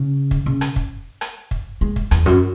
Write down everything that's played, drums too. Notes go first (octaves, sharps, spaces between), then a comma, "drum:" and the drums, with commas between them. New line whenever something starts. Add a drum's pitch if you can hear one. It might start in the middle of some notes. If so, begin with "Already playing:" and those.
Already playing: C#3
drum: kick
C#3
drum: rim click
drum: kick
drum: rim click
drum: kick
G#3
drum: kick
E2, drum: rim click
F#2